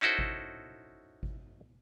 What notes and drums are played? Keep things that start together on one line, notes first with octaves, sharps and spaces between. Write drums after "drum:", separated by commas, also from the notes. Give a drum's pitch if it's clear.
C#4 D#4 E4 F#4 A4 C5
drum: kick G#1
drum: kick G#1